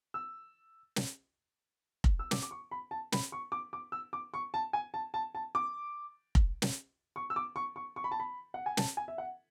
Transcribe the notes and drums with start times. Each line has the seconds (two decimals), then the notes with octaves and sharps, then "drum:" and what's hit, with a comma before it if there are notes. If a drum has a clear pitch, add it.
0.14 E6
0.96 drum: snare
2.04 drum: kick F1
2.19 E6
2.31 D6, drum: snare
2.43 D6
2.51 C#6
2.71 B5
2.91 A5
3.12 B5, drum: snare
3.32 C#6
3.52 D6
3.73 D6
3.92 E6
4.13 D6
4.34 C#6
4.54 A5
4.73 G#5
4.94 A5
5.14 A5
5.35 A5
5.55 D6
6.35 drum: kick F1
6.62 drum: snare
7.16 C#6
7.30 E6
7.36 D6
7.56 C#6
7.76 C#6
7.96 C#6
8.04 B5
8.11 A5
8.20 B5
8.54 F#5
8.66 G#5
8.77 A5, drum: snare
8.97 G#5
9.08 E5
9.18 F#5